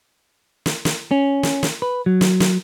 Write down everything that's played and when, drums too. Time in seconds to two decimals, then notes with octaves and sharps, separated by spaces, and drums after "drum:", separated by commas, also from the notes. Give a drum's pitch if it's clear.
0.66 drum: snare
0.85 drum: snare
1.11 C#4
1.43 drum: snare
1.63 drum: snare
1.82 B4
2.06 F#3
2.21 drum: snare
2.40 drum: snare